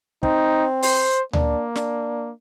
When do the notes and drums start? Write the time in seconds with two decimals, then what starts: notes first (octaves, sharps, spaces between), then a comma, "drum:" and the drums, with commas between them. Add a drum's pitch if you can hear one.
0.23 C4 D#4, drum: kick
0.82 C5, drum: open hi-hat
1.33 A#3 D4, drum: tom D2
1.75 D4, drum: snare